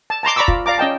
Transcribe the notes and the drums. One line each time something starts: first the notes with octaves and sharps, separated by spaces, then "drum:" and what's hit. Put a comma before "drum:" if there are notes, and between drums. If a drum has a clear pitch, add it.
A5
A5 A#5 C6 D6
D5 A#5 B5 C#6 D6 E6
F4, drum: kick
D5 F5 A#5 D6
C#4 D#5 G5 A5